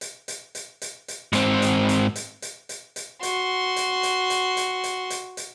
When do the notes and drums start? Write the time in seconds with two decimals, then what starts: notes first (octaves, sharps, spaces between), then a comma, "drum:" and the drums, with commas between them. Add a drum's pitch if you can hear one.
0.01 drum: hi-hat
0.28 drum: hi-hat
0.55 drum: hi-hat
0.82 drum: hi-hat
1.08 drum: hi-hat
1.33 G#2 C4, drum: hi-hat
1.62 drum: hi-hat
1.89 drum: hi-hat
2.16 drum: hi-hat
2.42 drum: hi-hat
2.69 drum: hi-hat
2.96 drum: hi-hat
3.23 F#4 C6, drum: hi-hat
3.76 drum: hi-hat
4.03 drum: hi-hat
4.30 drum: hi-hat
4.57 drum: hi-hat
4.84 drum: hi-hat
5.10 drum: hi-hat
5.37 drum: hi-hat